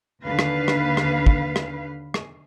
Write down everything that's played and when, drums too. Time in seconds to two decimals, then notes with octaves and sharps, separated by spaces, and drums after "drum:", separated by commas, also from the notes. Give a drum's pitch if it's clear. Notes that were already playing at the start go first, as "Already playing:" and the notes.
0.24 D#2 D3 B4 F5
0.39 drum: rim click
0.68 drum: rim click
0.97 drum: rim click
1.26 drum: kick
1.56 drum: rim click
2.14 drum: rim click